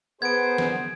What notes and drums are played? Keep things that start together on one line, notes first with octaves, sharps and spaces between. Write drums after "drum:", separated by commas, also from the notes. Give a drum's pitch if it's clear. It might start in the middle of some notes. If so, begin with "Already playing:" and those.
B3 G#4 A#4 C5 G#6 D7
drum: snare